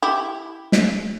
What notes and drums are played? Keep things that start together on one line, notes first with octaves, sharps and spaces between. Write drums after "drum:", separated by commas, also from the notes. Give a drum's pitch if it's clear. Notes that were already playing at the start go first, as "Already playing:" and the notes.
E4 G4
drum: snare